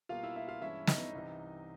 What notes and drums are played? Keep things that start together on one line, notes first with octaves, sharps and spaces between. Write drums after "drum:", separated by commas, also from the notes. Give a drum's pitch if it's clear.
B2 G3 A#3 F4 F5
E4 E5
E4 E5
F4 F5
G2 E3 G#3 C#4 E4 E5
D#4 D#5, drum: snare
C2 C3 E3